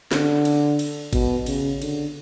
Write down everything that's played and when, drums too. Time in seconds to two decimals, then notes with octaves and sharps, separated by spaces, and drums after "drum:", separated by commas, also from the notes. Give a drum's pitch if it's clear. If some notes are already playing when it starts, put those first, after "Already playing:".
0.12 D3, drum: snare
0.45 drum: cymbal
0.79 drum: cymbal
1.13 B2, drum: kick G#1, cymbal
1.46 C#3, drum: cymbal
1.82 D3, drum: cymbal